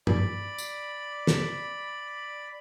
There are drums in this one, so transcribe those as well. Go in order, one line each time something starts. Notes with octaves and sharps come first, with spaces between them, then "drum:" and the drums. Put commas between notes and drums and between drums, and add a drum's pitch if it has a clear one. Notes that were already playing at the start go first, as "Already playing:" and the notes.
D5 B5, drum: tom
drum: tambourine
drum: snare